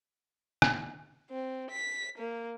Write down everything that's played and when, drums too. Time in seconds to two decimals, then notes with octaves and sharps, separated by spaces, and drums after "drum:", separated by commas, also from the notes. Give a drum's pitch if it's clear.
0.62 drum: rim click
1.30 C4
1.71 B6
2.19 A#3